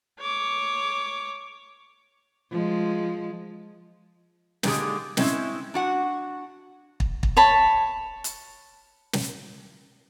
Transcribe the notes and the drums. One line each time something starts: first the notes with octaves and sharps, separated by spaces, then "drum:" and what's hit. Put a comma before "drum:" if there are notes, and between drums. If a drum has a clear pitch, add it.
C#5 D6
F3 G#3
A#2 D3 D#3 G#3 G4 G#4, drum: snare
G#3 C4 C#4 E4, drum: snare
D4 F#4 F#5
drum: kick
drum: kick
C#5 A5 B5
drum: hi-hat
drum: snare